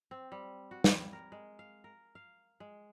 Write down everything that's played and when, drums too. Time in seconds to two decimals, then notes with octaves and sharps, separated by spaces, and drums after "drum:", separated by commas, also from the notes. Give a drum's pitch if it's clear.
0.11 C4
0.32 G3
0.71 F#4
0.84 G3, drum: snare
1.13 A#4
1.32 G#3
1.59 F5
1.84 A#4
2.15 F5
2.60 G#3